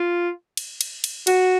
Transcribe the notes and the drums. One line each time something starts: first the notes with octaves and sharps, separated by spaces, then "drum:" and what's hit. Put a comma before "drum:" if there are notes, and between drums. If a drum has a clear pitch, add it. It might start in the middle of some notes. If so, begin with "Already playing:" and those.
Already playing: F4
drum: cymbal
drum: cymbal
drum: cymbal
F#4, drum: cymbal